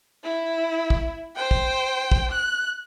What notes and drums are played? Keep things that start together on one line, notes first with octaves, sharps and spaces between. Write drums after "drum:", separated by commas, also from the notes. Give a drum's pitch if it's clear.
E4
drum: kick
C5 G5
drum: kick
drum: kick
F#6